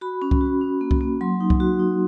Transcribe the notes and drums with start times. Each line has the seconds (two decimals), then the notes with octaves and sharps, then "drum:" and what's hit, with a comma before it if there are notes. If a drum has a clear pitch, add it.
0.01 F#4 B5
0.22 C#4
0.31 drum: kick C2
0.41 F#4
0.61 C#4
0.81 A#3
0.91 drum: kick C2
1.01 A#3
1.21 F#3 C6
1.41 D#4
1.50 drum: kick C2
1.60 F#4
1.79 D#4